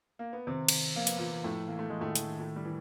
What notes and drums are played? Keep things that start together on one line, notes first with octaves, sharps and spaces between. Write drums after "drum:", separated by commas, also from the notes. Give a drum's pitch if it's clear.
A#3
B3
C3 D#3 C4
drum: cymbal
F3 A#3
B3, drum: hi-hat
A#2 E3 A#3
A2 F3 A3
E3 A#3
A3
E3 G#3
A2 D#3 A3
D3, drum: hi-hat
D#3
A2 A3
G3
E3